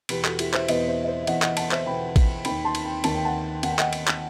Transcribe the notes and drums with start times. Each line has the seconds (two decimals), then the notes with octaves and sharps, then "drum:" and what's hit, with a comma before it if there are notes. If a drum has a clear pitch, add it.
0.09 E2 B2 G4 B4, drum: cymbal
0.24 F#4 A4, drum: clap
0.39 E4 G4, drum: cymbal
0.53 C5 E5, drum: clap
0.68 E2 B2 B4 D#5, drum: cymbal
0.88 C5 E5
1.04 D#5
1.08 C5 E5
1.23 E5
1.27 E2 B2 D#5 F#5, drum: cymbal
1.42 D#5 F#5, drum: clap
1.57 F#5 A5, drum: cymbal
1.71 C5 E5, drum: clap
1.86 E2 B2 G5 B5
2.16 drum: kick, cymbal
2.45 D#2 D#3 G5 B5, drum: cymbal
2.65 A5 C6
2.75 drum: cymbal
2.84 G5 B5
3.04 D#2 D#3 A5, drum: cymbal
3.15 G5
3.25 F#5 A5
3.63 D#2 D#3 F#5, drum: cymbal
3.72 G5
3.79 D#5 F#5, drum: clap
3.93 drum: cymbal
4.07 drum: clap